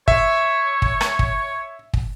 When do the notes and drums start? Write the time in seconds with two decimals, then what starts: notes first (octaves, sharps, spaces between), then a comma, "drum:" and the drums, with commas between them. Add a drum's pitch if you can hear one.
0.08 C#5 E5, drum: kick
0.82 drum: kick
1.01 drum: rim click
1.19 drum: kick
1.94 drum: kick